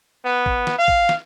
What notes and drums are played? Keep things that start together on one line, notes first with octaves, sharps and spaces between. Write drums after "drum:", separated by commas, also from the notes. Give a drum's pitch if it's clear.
B3
drum: kick
drum: snare
F5
drum: kick
drum: snare